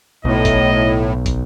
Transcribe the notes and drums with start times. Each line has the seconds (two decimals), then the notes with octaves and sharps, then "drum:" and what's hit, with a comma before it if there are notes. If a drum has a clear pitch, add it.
0.25 B1 A2 D#5
0.45 drum: kick, hi-hat
1.26 drum: kick, hi-hat